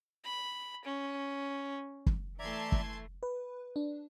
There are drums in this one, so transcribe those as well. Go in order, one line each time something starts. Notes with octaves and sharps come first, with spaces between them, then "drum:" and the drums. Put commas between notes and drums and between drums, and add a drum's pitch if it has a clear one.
B5
C#4
drum: kick
E3 A3 D5 E5 A5 A#5 C6 G#6
drum: kick
B4
D4